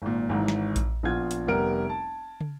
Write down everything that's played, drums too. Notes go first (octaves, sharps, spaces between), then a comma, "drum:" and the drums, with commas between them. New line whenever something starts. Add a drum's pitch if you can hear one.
G#1 A#2
G#1 G#2 E3
drum: snare
drum: kick A#1, hi-hat
A#1 B3 F4 G#6
drum: hi-hat
F1 G3 B3 A#4 D7
A5
drum: tom